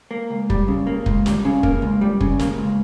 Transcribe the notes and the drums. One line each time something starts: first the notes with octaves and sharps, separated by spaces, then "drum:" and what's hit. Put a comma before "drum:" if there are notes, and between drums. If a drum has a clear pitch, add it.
A#3
C#2
G3, drum: kick
C#3
A#3
C#2, drum: kick
G3, drum: snare
C#3
A#3, drum: kick
C#2
G3
C#3, drum: kick
A#3, drum: snare
C#2